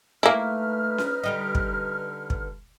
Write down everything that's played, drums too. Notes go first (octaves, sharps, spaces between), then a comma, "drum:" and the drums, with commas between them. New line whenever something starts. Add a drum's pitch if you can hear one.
A3 A#3 D#4 E4 B4 E5 F6
drum: snare C#4
D3 G3 D#5
drum: kick
drum: kick